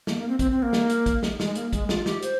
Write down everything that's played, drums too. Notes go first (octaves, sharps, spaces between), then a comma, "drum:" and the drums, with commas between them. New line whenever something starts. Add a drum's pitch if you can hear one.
A#3, drum: snare
A#3
C4
C4, drum: kick, hi-hat
C4
A#3
drum: snare
drum: hi-hat
drum: kick, hi-hat
drum: snare
G#3, drum: snare
A#3, drum: hi-hat
G#3, drum: kick, hi-hat
F4, drum: snare
G4, drum: snare
C5, drum: hi-hat